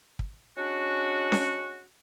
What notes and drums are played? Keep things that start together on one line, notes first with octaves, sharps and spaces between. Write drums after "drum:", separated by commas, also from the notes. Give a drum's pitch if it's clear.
drum: kick
G#3 C#4 D4 F#4
drum: snare C#4